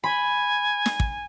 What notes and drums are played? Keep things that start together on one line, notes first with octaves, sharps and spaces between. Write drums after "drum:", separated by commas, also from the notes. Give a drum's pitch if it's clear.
G#5 B5
drum: snare
drum: kick